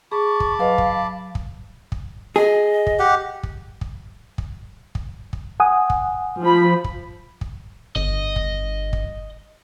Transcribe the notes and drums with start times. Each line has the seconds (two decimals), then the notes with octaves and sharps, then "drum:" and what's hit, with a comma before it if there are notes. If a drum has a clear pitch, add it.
0.12 G#4 A5 B5 C#6 D6
0.40 drum: kick
0.59 F#3 B4 D#5 F5
0.78 drum: kick
1.35 drum: kick
1.92 drum: kick
2.36 G#4 D#5
2.87 drum: kick
2.99 G4 F#5
3.43 drum: kick
3.81 drum: kick
4.38 drum: kick
4.95 drum: kick
5.33 drum: kick
5.60 F#5 G#5 D#6
5.90 drum: kick
6.41 F3 B5
6.84 drum: kick
7.41 drum: kick
7.96 G1 D#5, drum: kick
8.36 drum: kick
8.93 drum: kick